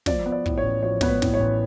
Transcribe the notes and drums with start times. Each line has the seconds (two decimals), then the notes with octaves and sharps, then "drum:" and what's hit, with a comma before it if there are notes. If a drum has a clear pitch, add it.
0.06 F3 D5, drum: snare
0.25 B3
0.32 D5
0.46 A2, drum: kick
0.58 C#5
0.64 A1
0.83 F3 C#5
1.01 B3 C#5, drum: snare
1.08 B4
1.22 A2, drum: snare
1.34 C#5
1.40 A1